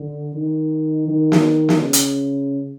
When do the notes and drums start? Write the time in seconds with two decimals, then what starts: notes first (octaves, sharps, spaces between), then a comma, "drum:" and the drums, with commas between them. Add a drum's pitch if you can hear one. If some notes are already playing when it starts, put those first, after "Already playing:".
Already playing: D3
0.35 D#3
1.08 D#3
1.32 drum: snare
1.69 drum: snare
1.82 C#3
1.93 drum: hi-hat